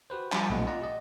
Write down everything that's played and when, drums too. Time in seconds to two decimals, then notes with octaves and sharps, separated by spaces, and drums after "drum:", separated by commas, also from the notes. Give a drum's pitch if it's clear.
0.10 F#4 G4 B4 C5
0.32 F3 G3 D4 G4, drum: clap
0.50 B1 A#2 A3 C4 D#5 F#5
0.67 F4 D5 D#5 F#5 A#5
0.81 G4 D5 D#5